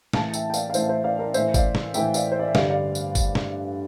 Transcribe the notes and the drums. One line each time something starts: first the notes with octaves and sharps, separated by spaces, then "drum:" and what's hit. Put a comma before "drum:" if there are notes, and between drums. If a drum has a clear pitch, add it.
A2 E3 F5 A5, drum: snare
E5 G5, drum: tambourine
G5
D5 F5, drum: tambourine
F5
A2 E3 C5 E5, drum: tambourine
F5
C5 E5
D5 F5
A#4 D5
A2 E3 C5 E5, drum: tambourine
D5 F5, drum: kick G1, tambourine
drum: snare
A2 E3 E5 G5, drum: tambourine
D5 F5, drum: tambourine
C5
D5
E5
G2 D3 D5 F5, drum: snare
D5 F5
drum: tambourine
drum: kick G1, tambourine
drum: snare